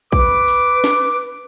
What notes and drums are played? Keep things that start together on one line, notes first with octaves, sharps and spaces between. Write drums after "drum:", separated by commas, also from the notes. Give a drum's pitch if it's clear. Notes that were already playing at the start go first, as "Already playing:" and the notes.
B4 D6, drum: kick A#1
drum: open hi-hat
drum: snare